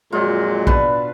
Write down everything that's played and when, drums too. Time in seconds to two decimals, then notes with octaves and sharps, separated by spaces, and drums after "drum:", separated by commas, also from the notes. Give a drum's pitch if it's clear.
0.12 F2 A#2 F#3 G#3 F4
0.67 B2 D4 B4, drum: kick A#1